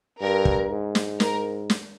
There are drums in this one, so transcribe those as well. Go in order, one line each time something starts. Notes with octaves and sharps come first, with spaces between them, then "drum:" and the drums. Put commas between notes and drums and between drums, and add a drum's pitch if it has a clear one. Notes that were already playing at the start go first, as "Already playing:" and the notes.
G2 A#4
drum: kick
G#2
drum: snare
A#4, drum: snare
drum: snare